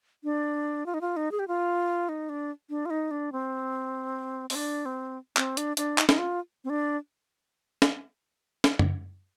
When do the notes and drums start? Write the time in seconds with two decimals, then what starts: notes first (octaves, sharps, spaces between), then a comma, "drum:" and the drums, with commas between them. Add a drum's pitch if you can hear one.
0.24 D4
0.86 F4
0.94 D#4
1.01 F4
1.17 D#4
1.31 G#4
1.39 G4
1.48 F4
2.09 D#4
2.29 D4
2.70 D4
2.86 F4
2.90 D#4
3.11 D4
3.32 C4
4.50 C4, drum: open hi-hat
4.55 D4
4.85 C4
5.37 C4, drum: clap
5.57 D4, drum: hi-hat
5.77 D4, drum: hi-hat
5.98 D#4, drum: clap
6.09 D#4, drum: snare
6.18 F4
6.64 C4
6.70 D4
7.82 drum: snare
8.64 drum: snare
8.79 drum: tom F#2